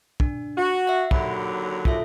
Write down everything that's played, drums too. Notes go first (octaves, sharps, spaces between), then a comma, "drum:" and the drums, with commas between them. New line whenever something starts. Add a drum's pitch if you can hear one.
D4, drum: kick
F#4
E5 F#5
D#2 D3 F#3 B5, drum: kick
F4 A4 E5, drum: kick